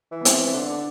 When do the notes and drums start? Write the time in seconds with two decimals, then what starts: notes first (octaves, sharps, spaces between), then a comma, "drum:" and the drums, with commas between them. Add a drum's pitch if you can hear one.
0.11 E3
0.21 B3
0.25 C4, drum: hi-hat
0.33 E3
0.53 D3 D4